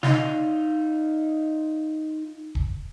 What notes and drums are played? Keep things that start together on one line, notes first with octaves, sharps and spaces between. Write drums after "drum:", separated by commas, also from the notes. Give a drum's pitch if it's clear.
D#4 F4, drum: snare
drum: kick